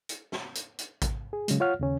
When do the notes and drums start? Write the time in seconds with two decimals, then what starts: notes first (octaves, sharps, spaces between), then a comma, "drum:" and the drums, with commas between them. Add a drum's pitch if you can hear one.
0.09 drum: hi-hat
0.32 drum: snare
0.55 drum: hi-hat
0.79 drum: hi-hat
1.02 drum: kick A1, hi-hat
1.33 G#4
1.48 C#3 F#3 G#3, drum: hi-hat
1.60 F4 C#5 F#5 F6
1.79 D#2 C#3 C#4